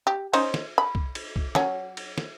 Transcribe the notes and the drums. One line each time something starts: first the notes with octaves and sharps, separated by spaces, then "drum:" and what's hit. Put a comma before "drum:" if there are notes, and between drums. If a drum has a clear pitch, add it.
G4
C#4 D#4 C5, drum: cymbal
drum: snare
B5
drum: kick
drum: cymbal
drum: kick
F#3 C#4, drum: snare
drum: cymbal
drum: snare